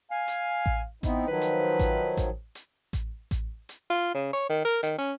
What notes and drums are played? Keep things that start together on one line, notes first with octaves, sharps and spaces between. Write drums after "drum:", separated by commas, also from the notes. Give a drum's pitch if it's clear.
F5 G#5
drum: hi-hat
drum: kick A1
B3 C4 D#4 E4, drum: kick A1, hi-hat
D#3 F3 F#3 B4
drum: hi-hat
drum: kick A1, hi-hat
drum: kick A1, hi-hat
drum: hi-hat
drum: kick A1, hi-hat
drum: kick A1, hi-hat
drum: hi-hat
F4
C#3
C#5
D#3
A#4
D#3, drum: hi-hat
C#4